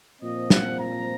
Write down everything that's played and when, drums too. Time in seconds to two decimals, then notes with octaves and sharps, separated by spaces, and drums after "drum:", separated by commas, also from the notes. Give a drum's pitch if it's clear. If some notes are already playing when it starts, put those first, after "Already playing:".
0.21 A#2 F3 C4 D#5
0.50 F#5, drum: snare
0.80 A#5